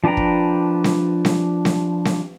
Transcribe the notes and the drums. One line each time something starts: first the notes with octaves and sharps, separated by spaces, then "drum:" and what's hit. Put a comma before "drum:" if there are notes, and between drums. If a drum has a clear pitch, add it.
F3 D4 B4 G5 A#5
drum: kick
drum: snare C4
drum: snare C4
drum: snare C4
drum: snare C4